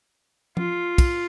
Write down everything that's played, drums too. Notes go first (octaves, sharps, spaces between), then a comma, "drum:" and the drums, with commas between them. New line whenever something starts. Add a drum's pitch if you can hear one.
F4, drum: tom F3
drum: kick, cymbal